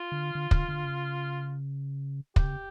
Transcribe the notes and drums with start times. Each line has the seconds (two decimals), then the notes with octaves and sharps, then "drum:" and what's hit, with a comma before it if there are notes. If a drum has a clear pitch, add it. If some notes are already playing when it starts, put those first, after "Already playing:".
Already playing: F4
0.12 D3
0.35 D3
0.51 D3, drum: kick
0.68 D3
0.85 C#3
2.36 C#3 G4, drum: kick